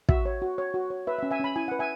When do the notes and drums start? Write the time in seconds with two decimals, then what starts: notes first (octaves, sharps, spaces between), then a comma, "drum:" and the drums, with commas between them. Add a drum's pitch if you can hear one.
0.09 F#4 E5, drum: kick
0.25 C#5
0.42 F#4
0.58 C#5
0.74 F#4
0.90 C#5
1.07 B4 E5
1.19 E5
1.23 C#4
1.31 E5 G#5
1.40 C#4 B5
1.56 E4 G#5
1.68 B4 F#5
1.79 E5 G#5